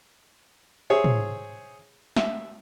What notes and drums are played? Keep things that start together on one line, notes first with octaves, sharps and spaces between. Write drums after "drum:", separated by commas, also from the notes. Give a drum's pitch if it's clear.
G#4 C5 C#5 E5
drum: tom
E5, drum: snare